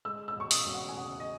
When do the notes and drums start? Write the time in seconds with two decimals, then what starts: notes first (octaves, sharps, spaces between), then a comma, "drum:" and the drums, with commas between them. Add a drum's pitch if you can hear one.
0.05 G#3 E6
0.28 E6
0.36 E1 C#6
0.51 D#6, drum: open hi-hat
0.66 E1
0.74 F#5
0.89 G#5
0.97 C#3 F#5
1.20 D#5